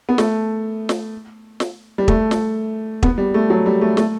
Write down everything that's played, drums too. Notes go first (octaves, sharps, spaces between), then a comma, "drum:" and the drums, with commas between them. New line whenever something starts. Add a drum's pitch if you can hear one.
B3
A3, drum: snare
drum: snare
drum: snare
G3
A3, drum: kick
drum: snare
B3, drum: kick
G3
A3
F#3
G3
A3
A3, drum: snare